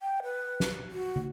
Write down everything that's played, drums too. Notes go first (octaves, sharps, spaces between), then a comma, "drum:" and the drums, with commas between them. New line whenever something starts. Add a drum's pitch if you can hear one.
G5
B4
drum: snare
F#4
drum: tom